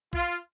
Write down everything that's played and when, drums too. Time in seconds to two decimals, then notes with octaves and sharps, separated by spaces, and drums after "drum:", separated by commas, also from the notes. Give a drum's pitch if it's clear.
0.13 F4, drum: kick B1